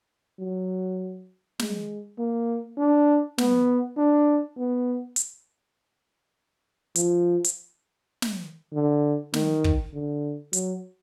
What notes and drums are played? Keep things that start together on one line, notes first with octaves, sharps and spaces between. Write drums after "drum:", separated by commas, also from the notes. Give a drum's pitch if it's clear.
F#3
G#3, drum: snare
A#3
D4
B3, drum: snare
D4
B3
drum: hi-hat
F3, drum: hi-hat
drum: hi-hat
drum: snare
D3
D#3, drum: snare
drum: kick
D3
F#3, drum: hi-hat